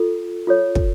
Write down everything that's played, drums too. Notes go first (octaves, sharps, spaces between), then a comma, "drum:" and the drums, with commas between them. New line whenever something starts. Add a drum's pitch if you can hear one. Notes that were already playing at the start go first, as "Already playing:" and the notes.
Already playing: F4 A4
F4 A4 C#5
drum: kick